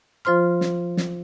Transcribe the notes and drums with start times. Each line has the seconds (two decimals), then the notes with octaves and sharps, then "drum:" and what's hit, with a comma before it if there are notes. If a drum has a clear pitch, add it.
0.25 F3 F4 C5 C6 F6
0.61 drum: snare
0.97 drum: snare